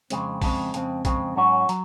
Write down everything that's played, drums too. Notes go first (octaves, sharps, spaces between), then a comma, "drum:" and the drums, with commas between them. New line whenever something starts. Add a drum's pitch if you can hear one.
F2 C#3 G#3 C4, drum: hi-hat
F2 C#3 G#3 C4, drum: kick, open hi-hat
F2 C#3 G#3 C4, drum: hi-hat
F2 C#3 G#3 C4, drum: kick, hi-hat
G#2 F#3 C#4 F#4 C#5
F#3, drum: hi-hat